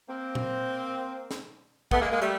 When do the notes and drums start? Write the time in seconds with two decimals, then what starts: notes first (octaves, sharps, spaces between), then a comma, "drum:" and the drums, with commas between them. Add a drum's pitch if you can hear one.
0.09 A#3 C4
0.35 drum: tom A#2
1.31 drum: snare
1.91 A3 B3, drum: kick
2.01 G#3 A#3
2.12 G#3 A#3
2.22 G3 A3, drum: hi-hat